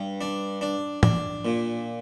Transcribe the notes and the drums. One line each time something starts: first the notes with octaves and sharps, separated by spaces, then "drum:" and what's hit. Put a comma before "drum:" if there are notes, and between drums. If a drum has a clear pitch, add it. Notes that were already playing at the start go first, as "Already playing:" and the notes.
Already playing: G2
D4
D4
D4, drum: tom
A#2